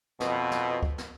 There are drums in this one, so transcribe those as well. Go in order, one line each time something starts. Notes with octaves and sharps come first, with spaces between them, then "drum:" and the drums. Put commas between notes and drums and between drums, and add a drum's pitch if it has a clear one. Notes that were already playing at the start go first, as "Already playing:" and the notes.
F2 B2, drum: snare
drum: snare
drum: kick D2
drum: snare